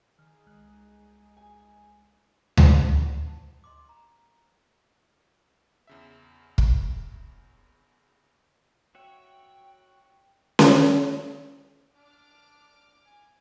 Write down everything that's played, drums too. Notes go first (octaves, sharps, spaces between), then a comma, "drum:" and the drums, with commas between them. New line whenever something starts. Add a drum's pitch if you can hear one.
D#3 D#4 G#4 F6
C2 G#3 F#6
G#5
drum: tom D2
F#5 B5
A5
D#5 C6 D6
A#5 B5
E2 C#3 E5
drum: kick
F#4 C#5 E5 G5
drum: snare C#4
D4 D6 F6
G#5